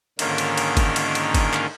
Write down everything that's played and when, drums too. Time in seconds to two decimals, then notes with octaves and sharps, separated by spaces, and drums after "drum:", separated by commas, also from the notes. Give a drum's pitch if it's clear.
0.19 G#2 D3 D#3 A#3 C#4 F4, drum: cymbal
0.38 drum: cymbal
0.57 drum: cymbal
0.77 drum: kick, cymbal
0.96 drum: cymbal
1.15 drum: cymbal
1.34 drum: kick, cymbal
1.54 drum: clap